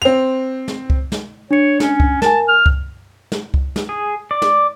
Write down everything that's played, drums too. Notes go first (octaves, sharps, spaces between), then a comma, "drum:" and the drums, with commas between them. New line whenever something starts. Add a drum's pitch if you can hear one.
C4 F7
drum: snare
drum: kick C#2
drum: snare
D4 C#5 C#7
C#4, drum: snare
drum: kick C#2
A#4 G#5 A5, drum: snare
F6
drum: kick C#2
drum: snare
drum: kick C#2
drum: snare
G#4
D5
drum: snare